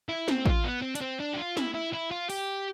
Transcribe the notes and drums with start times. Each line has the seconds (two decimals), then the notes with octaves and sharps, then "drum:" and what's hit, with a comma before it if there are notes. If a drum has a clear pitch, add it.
0.09 E4
0.28 C4, drum: snare
0.46 F4, drum: kick A1
0.64 B3
0.82 C4
0.95 D4, drum: hi-hat
1.01 C4
1.20 D4
1.33 G4
1.37 F4
1.57 E4, drum: snare
1.74 E4
1.93 E4
2.11 F4
2.30 G4, drum: open hi-hat